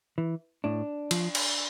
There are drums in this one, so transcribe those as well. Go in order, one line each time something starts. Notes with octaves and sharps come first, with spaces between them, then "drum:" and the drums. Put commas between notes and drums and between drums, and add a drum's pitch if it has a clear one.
E3
A2 D4
F3, drum: cymbal
drum: cymbal